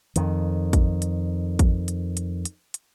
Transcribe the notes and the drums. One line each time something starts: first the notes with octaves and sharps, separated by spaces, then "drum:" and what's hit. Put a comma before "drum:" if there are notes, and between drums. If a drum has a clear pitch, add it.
F2 D#3, drum: hi-hat
drum: kick, hi-hat
drum: hi-hat
drum: kick, hi-hat
drum: hi-hat
drum: hi-hat
drum: hi-hat
drum: hi-hat